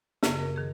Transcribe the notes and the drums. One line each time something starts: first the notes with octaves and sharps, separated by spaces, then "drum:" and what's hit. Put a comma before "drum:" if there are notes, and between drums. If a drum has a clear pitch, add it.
F#2 C#3 G#4, drum: snare
A#4
D#3 G#4